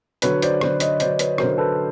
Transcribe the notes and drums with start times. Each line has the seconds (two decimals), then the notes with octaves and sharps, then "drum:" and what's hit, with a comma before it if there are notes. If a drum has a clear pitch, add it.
0.22 D3 F#3 B4 C#5, drum: hi-hat
0.42 C5 D5, drum: hi-hat
0.61 D3 F#3 C5 D5, drum: rim click
0.80 C#5 D#5, drum: hi-hat
1.00 D3 F#3 C5 D5, drum: hi-hat
1.19 B4 C#5, drum: hi-hat
1.38 D3 F#3 A#4 C5, drum: rim click
1.58 A4 B4